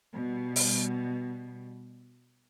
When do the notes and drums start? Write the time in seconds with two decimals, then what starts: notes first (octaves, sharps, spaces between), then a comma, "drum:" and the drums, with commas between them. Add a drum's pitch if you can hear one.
0.14 B2 G3
0.56 drum: open hi-hat